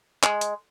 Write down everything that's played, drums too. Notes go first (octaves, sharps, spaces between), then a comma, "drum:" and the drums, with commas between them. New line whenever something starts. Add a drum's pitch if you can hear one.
G#3, drum: clap
drum: hi-hat